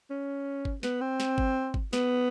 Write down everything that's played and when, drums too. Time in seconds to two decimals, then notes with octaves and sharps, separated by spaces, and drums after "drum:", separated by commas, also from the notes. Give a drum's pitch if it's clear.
0.10 C#4
0.65 drum: kick G1
0.83 B3, drum: snare
1.01 C4
1.20 drum: snare
1.38 drum: kick G1
1.74 drum: kick G1
1.93 B3, drum: snare